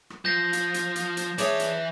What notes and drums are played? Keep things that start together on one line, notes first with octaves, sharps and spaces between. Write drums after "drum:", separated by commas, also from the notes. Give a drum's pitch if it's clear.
drum: rim click
F3 G6 A#6 C7
drum: hi-hat
drum: hi-hat
drum: hi-hat
drum: hi-hat
E3 D4 G#4 C#5 E5 E7, drum: hi-hat
drum: hi-hat